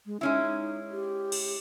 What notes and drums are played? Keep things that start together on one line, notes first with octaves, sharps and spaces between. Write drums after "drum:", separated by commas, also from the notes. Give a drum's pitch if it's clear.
G#3
G#3 C#4 D#4 E4
G4
drum: cymbal